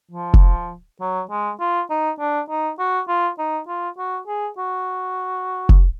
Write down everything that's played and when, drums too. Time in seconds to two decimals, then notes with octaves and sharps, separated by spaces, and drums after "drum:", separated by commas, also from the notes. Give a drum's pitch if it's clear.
0.11 F3
0.34 drum: kick F1
1.01 F#3
1.30 G#3
1.60 F4
1.90 D#4
2.20 D4
2.49 D#4
2.79 F#4
3.08 F4
3.38 D#4
3.68 F4
3.98 F#4
4.27 G#4
4.58 F#4
5.69 drum: kick F1